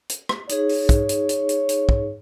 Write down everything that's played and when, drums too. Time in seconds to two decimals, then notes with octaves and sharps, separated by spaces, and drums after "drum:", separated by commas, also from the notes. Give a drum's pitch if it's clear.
0.09 drum: hi-hat
0.29 drum: rim click
0.49 D#4 G#4 C#5, drum: hi-hat
0.69 drum: open hi-hat
0.89 drum: kick, hi-hat
1.09 drum: hi-hat
1.29 drum: hi-hat
1.49 drum: hi-hat
1.69 drum: hi-hat
1.89 drum: kick